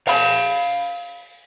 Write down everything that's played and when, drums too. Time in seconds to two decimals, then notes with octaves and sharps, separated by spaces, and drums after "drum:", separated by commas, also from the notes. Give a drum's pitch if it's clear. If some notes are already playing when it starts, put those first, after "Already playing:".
0.08 F5 B5, drum: open hi-hat